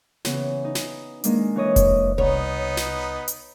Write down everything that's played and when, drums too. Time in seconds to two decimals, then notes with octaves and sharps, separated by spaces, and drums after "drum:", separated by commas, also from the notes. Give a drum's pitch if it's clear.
0.25 C#3 E3 B3, drum: snare
0.64 D#4
0.75 drum: snare
1.24 D#3 G#3 A#3 D4 D#4, drum: hi-hat
1.56 E3 C#5 D#5
1.76 drum: kick F1, hi-hat
2.18 C2 B3 D#4 C#5
2.77 drum: snare
3.28 drum: hi-hat